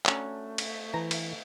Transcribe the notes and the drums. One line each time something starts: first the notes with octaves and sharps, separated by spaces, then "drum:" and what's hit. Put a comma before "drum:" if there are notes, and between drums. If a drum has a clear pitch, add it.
F#3 A3 C#4 D4, drum: clap
drum: cymbal
E3 A#5
drum: cymbal